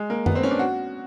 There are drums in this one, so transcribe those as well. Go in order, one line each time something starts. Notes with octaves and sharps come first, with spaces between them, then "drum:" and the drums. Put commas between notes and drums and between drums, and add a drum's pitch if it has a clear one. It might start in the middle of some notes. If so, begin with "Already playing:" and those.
Already playing: G#3
A#3
B3, drum: tom F#2
C4
C#4
D4
F#4